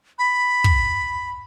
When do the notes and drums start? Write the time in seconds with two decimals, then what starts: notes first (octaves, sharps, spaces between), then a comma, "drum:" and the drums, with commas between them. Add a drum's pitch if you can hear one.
0.19 B5
0.64 drum: kick